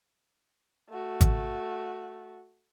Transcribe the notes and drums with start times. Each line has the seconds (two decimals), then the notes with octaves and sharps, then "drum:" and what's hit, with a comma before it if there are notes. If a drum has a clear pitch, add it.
0.90 A3 F#4
1.21 drum: kick G#1, hi-hat